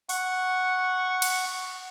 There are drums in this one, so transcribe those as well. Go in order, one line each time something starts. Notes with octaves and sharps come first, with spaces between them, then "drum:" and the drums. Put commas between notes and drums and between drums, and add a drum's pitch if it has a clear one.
F#5 C#6, drum: open hi-hat
drum: cymbal